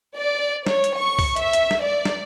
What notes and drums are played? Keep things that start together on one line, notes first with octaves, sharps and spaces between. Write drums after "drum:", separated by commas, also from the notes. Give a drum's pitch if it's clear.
D5
C#5, drum: snare
drum: hi-hat
C#6
drum: kick C2, open hi-hat
E5, drum: hi-hat
drum: hi-hat
drum: snare
D5
drum: snare